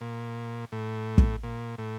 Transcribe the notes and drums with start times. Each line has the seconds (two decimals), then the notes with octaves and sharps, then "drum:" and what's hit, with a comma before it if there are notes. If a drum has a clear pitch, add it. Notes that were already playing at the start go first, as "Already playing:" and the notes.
0.01 A#2
0.72 A2
1.18 drum: kick
1.43 A#2
1.78 A2